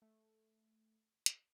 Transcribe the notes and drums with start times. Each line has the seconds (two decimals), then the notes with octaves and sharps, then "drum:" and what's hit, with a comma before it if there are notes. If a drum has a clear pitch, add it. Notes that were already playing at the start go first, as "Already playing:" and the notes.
0.02 A3
1.26 drum: hi-hat